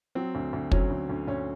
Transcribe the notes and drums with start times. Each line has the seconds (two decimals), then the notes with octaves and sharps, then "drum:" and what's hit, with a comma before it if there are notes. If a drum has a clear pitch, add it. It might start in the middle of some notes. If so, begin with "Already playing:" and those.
0.15 F#3 C4
0.35 D2
0.53 D2
0.72 F#3 C#4, drum: kick
0.90 D2
1.09 D2
1.27 D2 C#4